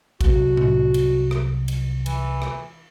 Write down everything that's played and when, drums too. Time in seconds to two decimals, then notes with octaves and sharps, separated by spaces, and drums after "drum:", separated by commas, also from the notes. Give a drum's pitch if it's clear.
0.21 C2 F#3 F#4, drum: kick, cymbal
0.57 drum: tom A2
0.94 drum: cymbal
1.31 drum: rim click
1.68 drum: cymbal
2.06 E3, drum: cymbal
2.42 drum: rim click